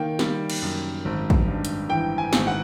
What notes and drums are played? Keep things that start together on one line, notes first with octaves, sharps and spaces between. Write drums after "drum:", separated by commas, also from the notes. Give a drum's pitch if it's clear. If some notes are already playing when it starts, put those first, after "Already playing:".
Already playing: D#3 A#3 G5
G3, drum: snare
drum: cymbal
F#2
G#1
drum: kick
G2
drum: hi-hat
E3 G5
G#5
G#1, drum: snare
F#5